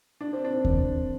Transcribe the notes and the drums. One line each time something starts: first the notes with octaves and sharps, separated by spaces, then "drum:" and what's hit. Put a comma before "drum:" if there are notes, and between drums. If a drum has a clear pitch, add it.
D4
C4
D4
drum: kick D#2